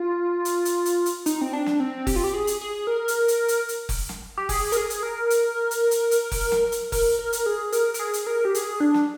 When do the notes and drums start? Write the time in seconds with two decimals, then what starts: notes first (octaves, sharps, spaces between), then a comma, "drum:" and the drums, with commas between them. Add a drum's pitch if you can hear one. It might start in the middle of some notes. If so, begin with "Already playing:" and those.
Already playing: F4
0.45 drum: hi-hat
0.65 drum: hi-hat
0.85 drum: hi-hat
1.06 drum: hi-hat
1.26 D#4, drum: hi-hat
1.41 C4
1.53 D4
1.66 drum: snare
1.80 C4
2.07 G4, drum: kick F1, open hi-hat
2.16 F4
2.24 G4
2.33 G#4
2.47 drum: hi-hat
2.61 G#4
2.87 A#4
3.08 drum: hi-hat
3.28 drum: hi-hat
3.48 drum: hi-hat
3.69 drum: hi-hat
3.89 drum: kick F1, open hi-hat
4.09 drum: snare
4.37 G4
4.49 G#4, drum: kick F1, open hi-hat
4.72 A#4, drum: hi-hat
4.77 G#4
4.90 drum: hi-hat
5.03 A#4
5.30 drum: hi-hat
5.71 drum: hi-hat
5.91 drum: hi-hat
6.11 drum: hi-hat
6.31 drum: kick F1, open hi-hat
6.52 drum: snare
6.72 drum: hi-hat
6.92 A#4, drum: kick F1, open hi-hat
7.19 A#4
7.33 drum: hi-hat
7.46 G#4
7.72 A#4, drum: hi-hat
7.94 A#4, drum: hi-hat
8.00 G#4
8.13 drum: hi-hat
8.27 A#4
8.45 G4
8.55 G#4, drum: hi-hat
8.80 D4
8.94 drum: snare